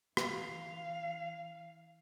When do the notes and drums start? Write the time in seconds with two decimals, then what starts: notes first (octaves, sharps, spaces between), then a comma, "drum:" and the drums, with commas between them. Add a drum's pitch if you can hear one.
0.17 E3 F5, drum: rim click